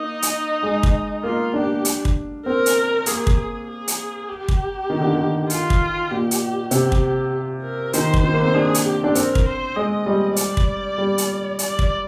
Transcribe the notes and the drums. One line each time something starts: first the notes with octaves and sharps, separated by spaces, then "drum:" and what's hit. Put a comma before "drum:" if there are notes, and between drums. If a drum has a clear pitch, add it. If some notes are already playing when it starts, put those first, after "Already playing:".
Already playing: A#3 D#4
drum: hi-hat
G#3
drum: kick
A#3 F4
D4 G4
drum: hi-hat
drum: kick
C4 A#4
drum: hi-hat
A#3 G#4, drum: hi-hat
drum: kick
G#4
G#4
drum: hi-hat
G4
drum: kick
D#3
D3
D#3
F4, drum: hi-hat
drum: kick
A#2 G4
drum: hi-hat
C3, drum: hi-hat
drum: kick
A#4
D#3 C5, drum: hi-hat
drum: kick
D#3
A#3
C4
D4 G#4
drum: hi-hat
G4
D4
C4 A#4, drum: hi-hat
drum: kick
C5
G#3 D#5
G3
D5, drum: hi-hat
drum: kick
G3
drum: hi-hat
D5, drum: hi-hat
drum: kick